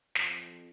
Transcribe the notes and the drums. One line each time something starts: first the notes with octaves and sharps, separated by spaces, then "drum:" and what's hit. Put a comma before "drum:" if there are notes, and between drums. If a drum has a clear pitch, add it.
F2, drum: snare